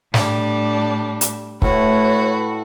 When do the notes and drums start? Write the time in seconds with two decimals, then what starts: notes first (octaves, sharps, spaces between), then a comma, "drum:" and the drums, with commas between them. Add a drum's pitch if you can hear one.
0.14 A2 G3 D4, drum: snare
1.21 drum: hi-hat
1.62 A2 F#4 B4 C#5, drum: kick